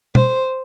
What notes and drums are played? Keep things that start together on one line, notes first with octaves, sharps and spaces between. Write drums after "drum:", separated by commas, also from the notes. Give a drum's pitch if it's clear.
C5, drum: tom